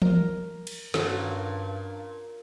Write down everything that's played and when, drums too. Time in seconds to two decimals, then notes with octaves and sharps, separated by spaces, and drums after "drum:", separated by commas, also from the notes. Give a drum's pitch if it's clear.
0.02 A#4, drum: tom E3
0.67 drum: cymbal
0.94 G2 A#2 D#3 C#4 F#4 A4, drum: snare